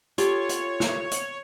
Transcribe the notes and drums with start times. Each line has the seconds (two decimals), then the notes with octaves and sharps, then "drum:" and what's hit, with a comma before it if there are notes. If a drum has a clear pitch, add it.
0.18 F4 G4 A4 C#5, drum: hi-hat
0.49 drum: hi-hat
0.80 drum: snare
1.11 drum: hi-hat